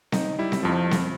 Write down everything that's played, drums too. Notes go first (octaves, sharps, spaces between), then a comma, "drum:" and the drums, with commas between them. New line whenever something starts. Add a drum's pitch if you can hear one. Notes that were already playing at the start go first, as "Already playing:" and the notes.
D#4, drum: snare C4
G3 E4
drum: snare C4
F2 F3
drum: snare C4